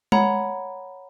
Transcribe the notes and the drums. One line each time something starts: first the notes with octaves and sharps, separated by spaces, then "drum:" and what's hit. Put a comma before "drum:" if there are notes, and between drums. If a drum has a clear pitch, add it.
C#5 F#5 A#5 B5, drum: tom G#3